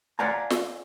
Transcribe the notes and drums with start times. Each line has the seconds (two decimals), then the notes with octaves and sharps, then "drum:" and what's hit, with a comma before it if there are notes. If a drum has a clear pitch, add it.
0.19 D5 F5 F#5 G#5 A#5
0.50 drum: snare